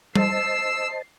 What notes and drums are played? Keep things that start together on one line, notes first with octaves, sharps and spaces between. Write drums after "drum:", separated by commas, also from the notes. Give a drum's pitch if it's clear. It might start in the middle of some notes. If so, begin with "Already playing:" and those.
C5 D#5 A5 E6 C7, drum: tom G3